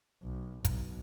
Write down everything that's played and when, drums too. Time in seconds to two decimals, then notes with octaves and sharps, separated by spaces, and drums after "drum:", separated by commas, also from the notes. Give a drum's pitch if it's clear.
0.22 B1
0.65 B1, drum: kick, hi-hat